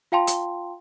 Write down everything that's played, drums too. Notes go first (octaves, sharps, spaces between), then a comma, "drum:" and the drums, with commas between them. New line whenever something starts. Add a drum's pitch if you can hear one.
F4 F5 G5 A5 C6
drum: hi-hat